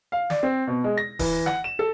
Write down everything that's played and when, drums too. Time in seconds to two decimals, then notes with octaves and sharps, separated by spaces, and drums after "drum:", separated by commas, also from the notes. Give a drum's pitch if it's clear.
0.12 F5
0.30 D5, drum: snare
0.43 C4
0.67 B2
0.84 G#3
0.97 A#6
1.19 E3, drum: kick D1, open hi-hat
1.46 F#5, drum: snare
1.64 E7
1.79 A4